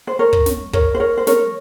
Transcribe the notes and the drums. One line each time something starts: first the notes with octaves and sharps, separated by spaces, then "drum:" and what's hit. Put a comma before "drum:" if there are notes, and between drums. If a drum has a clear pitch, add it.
C5
A#4 C#5
drum: kick
drum: snare
A#4 C#5, drum: kick
C5
A#4 C#5
C5
A#4 C#5, drum: snare